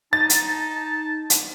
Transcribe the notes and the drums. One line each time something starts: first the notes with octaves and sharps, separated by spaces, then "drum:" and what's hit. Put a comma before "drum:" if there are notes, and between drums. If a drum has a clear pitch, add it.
D#4 A5 A6
drum: hi-hat
drum: hi-hat